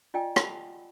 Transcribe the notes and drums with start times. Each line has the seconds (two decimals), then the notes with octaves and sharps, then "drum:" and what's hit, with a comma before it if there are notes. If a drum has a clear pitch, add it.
0.14 F4 D5 D#5 G5 G#5
0.36 F#5 A5 B5, drum: rim click